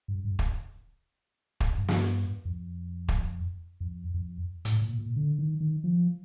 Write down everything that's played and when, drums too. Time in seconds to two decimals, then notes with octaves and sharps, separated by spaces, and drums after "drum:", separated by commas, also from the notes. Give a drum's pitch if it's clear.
0.08 G2
0.25 G2
0.39 drum: kick
1.60 drum: kick
1.78 G2
1.88 drum: snare
2.45 F2
3.08 drum: kick
3.80 F2
4.14 F2
4.65 A2, drum: hi-hat
4.82 A#2
4.99 A#2
5.16 D3
5.39 D#3
5.60 D#3
5.84 F3